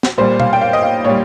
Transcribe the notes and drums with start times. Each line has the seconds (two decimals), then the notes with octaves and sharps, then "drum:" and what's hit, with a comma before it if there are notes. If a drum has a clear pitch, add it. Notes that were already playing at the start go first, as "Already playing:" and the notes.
0.03 drum: snare
0.18 A#2 G3 C5
0.40 F5, drum: tom B2
0.53 G5
0.61 F5
0.73 D#5
0.83 F5
1.04 A#2 G3 C#5